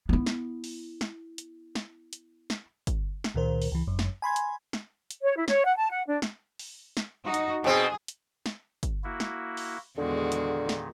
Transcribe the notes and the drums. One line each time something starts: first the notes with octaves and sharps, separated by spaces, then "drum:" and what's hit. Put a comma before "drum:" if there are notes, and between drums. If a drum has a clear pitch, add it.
B3 E4
drum: snare
drum: open hi-hat
drum: snare
drum: hi-hat
drum: snare
drum: hi-hat
drum: snare
drum: kick, hi-hat
drum: snare
C#2 A#2 D#3 A#4 C5
drum: open hi-hat
C#2 E3
G1 F#2
drum: snare
G#5 B5 C6 G#6
drum: hi-hat
drum: snare
drum: hi-hat
C#5
E4
C#5, drum: snare
F#5
A5
F#5
D4
drum: snare
drum: open hi-hat
drum: snare
D#4 F#4
drum: hi-hat
B2 C4 G#4
drum: hi-hat
drum: snare
drum: kick, hi-hat
A#3 E4 F#4
drum: snare
drum: open hi-hat
E2 A#2 D3 D#3 G#3 F#4
drum: hi-hat
drum: snare